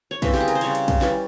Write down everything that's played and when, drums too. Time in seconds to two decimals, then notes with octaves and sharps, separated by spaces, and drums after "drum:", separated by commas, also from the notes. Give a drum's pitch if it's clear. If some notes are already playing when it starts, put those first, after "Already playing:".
0.11 C#5
0.22 C#3 E3 G3 C4 E5, drum: kick, cymbal
0.34 G4, drum: snare
0.40 G#4
0.48 A#4, drum: cymbal
0.55 C5
0.61 C#3 G3 C4 C#5, drum: cymbal
0.75 drum: cymbal
0.88 drum: kick, cymbal
1.01 E3 G3 C#4, drum: snare